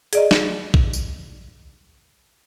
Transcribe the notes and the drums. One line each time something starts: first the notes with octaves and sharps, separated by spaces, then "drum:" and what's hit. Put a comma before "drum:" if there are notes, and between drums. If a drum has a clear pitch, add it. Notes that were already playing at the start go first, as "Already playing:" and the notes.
G#4 D5 D#5, drum: hi-hat
drum: snare
drum: kick A#1
drum: tambourine